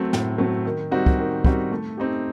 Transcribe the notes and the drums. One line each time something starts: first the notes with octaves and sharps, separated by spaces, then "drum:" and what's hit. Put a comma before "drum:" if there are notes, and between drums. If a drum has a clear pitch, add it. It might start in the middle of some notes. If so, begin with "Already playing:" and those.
Already playing: F#3 A3 C4
A2, drum: snare
F#3 A3 C4
D#3
G3 C4 D#4 F#4
drum: kick
D#3
G3 C4 D#4 F#4, drum: kick
A3
C4 D#4 G4